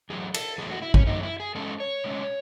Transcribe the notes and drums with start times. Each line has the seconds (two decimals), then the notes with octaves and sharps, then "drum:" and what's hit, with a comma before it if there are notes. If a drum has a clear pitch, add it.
0.10 E2 B2 F#3 A3 G#4
0.34 A4, drum: cymbal
0.58 E2 B2 F#3 A3 G#4
0.71 F#4
0.82 E4
0.94 C#4, drum: kick
1.07 E2 B2 F#3 A3 D#4
1.23 E4
1.40 G#4
1.55 B2 G#3 C#4 A4
1.80 C#5
2.04 B2 G#3 C#4